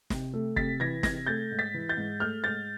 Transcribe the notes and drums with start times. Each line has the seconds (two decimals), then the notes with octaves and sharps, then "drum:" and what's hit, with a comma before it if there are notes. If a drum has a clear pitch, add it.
0.10 C3, drum: snare
0.34 A3
0.56 C3 A6 B6, drum: kick
0.80 E3 G#6 A#6
1.03 C3 G#6 A#6, drum: snare
1.26 A3 G6 A6
1.51 G#2
1.59 A6 B6
1.74 E3
1.89 G6 A6
1.97 G#2
2.20 A3 F6 G6
2.44 G#2 G6 A6